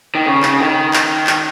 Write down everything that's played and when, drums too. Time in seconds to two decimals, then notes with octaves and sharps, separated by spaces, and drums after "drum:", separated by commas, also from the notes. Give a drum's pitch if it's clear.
0.15 D#3
0.26 C#3
0.43 C#3, drum: clap
0.60 D#3
0.93 drum: clap
1.27 drum: clap